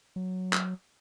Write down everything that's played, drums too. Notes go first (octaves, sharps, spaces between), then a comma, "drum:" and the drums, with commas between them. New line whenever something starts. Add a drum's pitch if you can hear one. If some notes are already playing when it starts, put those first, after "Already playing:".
F#3
drum: clap